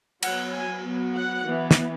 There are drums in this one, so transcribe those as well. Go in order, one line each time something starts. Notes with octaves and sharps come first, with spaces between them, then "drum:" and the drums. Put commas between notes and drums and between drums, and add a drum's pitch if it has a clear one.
F#3 B3 F#5, drum: cymbal
G#5
F#3 B3
F#5
E3 B3
drum: snare